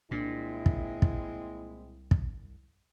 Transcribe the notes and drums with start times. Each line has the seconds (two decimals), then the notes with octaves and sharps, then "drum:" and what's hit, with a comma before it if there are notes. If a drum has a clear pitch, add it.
0.11 C2 A#2 G#3 C4 D4 E4
0.66 drum: kick
1.02 drum: kick
2.11 drum: kick